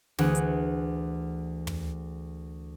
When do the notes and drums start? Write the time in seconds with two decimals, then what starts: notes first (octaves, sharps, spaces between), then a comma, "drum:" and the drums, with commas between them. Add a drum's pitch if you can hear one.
0.18 D2 E3 G#4 F#5, drum: snare
0.35 drum: hi-hat
1.67 drum: tom